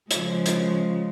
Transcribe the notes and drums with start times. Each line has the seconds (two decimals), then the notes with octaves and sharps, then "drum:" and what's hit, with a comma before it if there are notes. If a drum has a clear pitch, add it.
0.11 C#3 F3 G#3, drum: hi-hat
0.46 drum: hi-hat